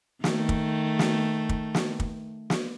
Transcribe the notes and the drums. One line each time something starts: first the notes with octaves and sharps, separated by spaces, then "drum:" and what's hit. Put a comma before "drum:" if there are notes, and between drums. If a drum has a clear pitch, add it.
D#3 A3, drum: snare
drum: kick
drum: snare
drum: kick
drum: snare
drum: kick
drum: snare